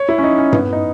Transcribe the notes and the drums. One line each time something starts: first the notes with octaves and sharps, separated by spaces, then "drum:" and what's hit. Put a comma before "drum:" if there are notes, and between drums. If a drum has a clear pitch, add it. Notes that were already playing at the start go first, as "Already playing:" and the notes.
Already playing: C#5
E4
C#4
D#4
C#4
B3, drum: tom G2
D#4